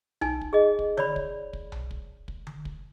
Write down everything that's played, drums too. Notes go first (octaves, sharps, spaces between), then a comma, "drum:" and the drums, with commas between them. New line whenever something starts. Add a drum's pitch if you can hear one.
D#4 G#5, drum: tom B1
drum: kick
G#4 D#5
drum: kick
C#5 D5 B5, drum: tom D3
drum: kick
drum: kick
drum: tom B1
drum: kick
drum: kick
drum: tom D3
drum: kick